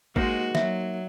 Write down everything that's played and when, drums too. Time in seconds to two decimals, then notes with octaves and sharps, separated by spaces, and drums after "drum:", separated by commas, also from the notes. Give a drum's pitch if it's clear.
0.16 G#3 A#3 D#4 F#4 C5, drum: kick
0.55 F#3 E5, drum: snare